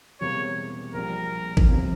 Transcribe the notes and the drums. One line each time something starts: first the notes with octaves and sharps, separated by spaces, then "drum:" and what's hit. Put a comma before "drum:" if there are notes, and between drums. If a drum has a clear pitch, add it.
E1 E2 C3 G3 A#3 C#5
A#1 A#2 G3 A#4
drum: kick
G1 F2 C3